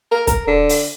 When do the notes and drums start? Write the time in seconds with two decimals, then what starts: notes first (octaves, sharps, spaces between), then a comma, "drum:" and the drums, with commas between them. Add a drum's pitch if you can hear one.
0.12 A#4
0.27 A#4, drum: kick, hi-hat
0.47 D3
0.69 drum: open hi-hat